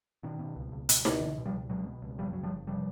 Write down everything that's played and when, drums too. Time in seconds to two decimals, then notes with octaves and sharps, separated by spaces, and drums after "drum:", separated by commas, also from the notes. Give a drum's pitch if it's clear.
0.23 B2 D#3
0.39 B2
0.56 C#2
0.72 C#2
0.89 B2, drum: hi-hat
1.05 C#2, drum: snare D#4
1.21 B2 D3 E3
1.38 B2
1.46 F3 G3
1.54 C#2
1.70 B2 F#3 G#3
1.87 B2
2.02 C#2
2.19 F#1 F3 G3
2.33 F#1 F#3
2.43 F3 G3
2.52 F#1
2.67 C3 F3 G3